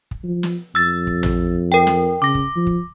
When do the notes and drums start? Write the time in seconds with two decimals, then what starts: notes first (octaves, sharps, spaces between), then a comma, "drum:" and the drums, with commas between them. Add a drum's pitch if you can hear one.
0.11 drum: kick
0.24 F3
0.43 drum: snare
0.75 F2 E6 A6
1.07 drum: kick
1.23 drum: tom A1
1.72 A#4 G5
1.87 drum: snare
2.22 C#3 D6 A#6
2.35 drum: kick
2.56 F3
2.67 drum: kick